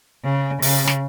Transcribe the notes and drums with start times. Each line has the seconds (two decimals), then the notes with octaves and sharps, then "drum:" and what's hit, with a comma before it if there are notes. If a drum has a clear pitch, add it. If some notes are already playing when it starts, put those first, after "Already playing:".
0.24 C#3
0.62 C#3, drum: open hi-hat
0.87 drum: snare